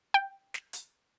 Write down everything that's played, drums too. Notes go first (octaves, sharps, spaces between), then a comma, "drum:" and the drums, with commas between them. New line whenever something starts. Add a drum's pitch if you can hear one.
G5
drum: snare
drum: hi-hat